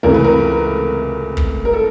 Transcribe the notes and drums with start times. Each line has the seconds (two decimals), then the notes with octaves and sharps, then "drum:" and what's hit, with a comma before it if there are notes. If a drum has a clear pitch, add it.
0.03 C#2 C3 E3 A3 A#4
0.14 B4
0.25 A#4
1.37 drum: kick
1.65 A#4
1.73 A4